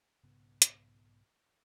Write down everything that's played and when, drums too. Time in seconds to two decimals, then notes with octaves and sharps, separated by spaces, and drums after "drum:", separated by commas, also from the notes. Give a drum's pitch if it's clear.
0.24 B1 G#2 C#3 B3
0.62 drum: hi-hat